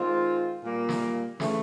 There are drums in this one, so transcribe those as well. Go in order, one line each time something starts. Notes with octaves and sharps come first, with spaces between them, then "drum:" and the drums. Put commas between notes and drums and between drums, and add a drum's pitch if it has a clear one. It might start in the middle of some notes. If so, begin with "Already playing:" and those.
Already playing: D#3 G#3 C4 F4
A#2 G3 A#3
drum: snare
C#3 E3 A3, drum: snare